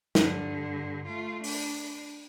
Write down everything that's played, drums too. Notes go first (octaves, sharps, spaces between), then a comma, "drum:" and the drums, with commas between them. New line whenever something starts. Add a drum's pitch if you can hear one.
G2 D3, drum: snare
A3 F4
D4, drum: open hi-hat